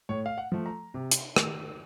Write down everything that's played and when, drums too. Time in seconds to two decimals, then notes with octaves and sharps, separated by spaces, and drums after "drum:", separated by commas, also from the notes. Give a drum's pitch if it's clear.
0.09 A2 C#5
0.26 F5
0.38 F#5
0.52 F3 A3
0.66 A#5
0.94 C3
1.11 drum: hi-hat
1.36 D#3 A3, drum: rim click